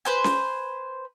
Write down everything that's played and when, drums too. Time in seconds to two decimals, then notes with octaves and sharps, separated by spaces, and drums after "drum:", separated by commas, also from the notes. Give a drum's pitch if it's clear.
0.05 B4 C5 G#5
0.24 drum: snare C#4